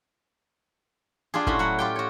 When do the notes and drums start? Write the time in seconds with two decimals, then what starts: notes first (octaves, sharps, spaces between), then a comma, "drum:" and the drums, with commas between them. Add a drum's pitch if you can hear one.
1.34 D4 F4 G4 G#4
1.47 A2 C#4 E4 F#4 B5 C6, drum: kick
1.59 F#3 F#5
1.79 F4 G4 G5
1.96 F#4 C#5